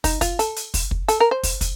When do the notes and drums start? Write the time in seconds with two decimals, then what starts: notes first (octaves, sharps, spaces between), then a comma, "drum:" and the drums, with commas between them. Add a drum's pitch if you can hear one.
0.04 D#4, drum: kick, open hi-hat
0.21 F4, drum: kick, hi-hat
0.39 A4, drum: hi-hat
0.56 drum: hi-hat
0.74 drum: kick, open hi-hat
0.91 drum: kick
1.08 A4, drum: hi-hat
1.20 A#4
1.31 C5
1.43 drum: kick, open hi-hat
1.61 drum: kick, hi-hat